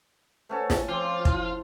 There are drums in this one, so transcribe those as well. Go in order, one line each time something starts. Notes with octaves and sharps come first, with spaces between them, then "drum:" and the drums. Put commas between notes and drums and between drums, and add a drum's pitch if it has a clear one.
A3 C#4 A4 B4 C5 F#5
drum: snare
F3 C4 F4 D6
E4, drum: kick